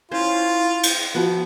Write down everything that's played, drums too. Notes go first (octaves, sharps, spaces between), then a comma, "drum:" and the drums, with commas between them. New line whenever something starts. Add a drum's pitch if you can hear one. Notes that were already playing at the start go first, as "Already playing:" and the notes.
C#4 E4 F4 C5
drum: cymbal
F3 B3 F#4